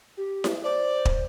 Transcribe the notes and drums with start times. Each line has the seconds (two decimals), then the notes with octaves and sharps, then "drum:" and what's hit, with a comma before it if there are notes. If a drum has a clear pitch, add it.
0.17 G4
0.44 drum: snare E4
0.64 C5 D5
1.05 drum: kick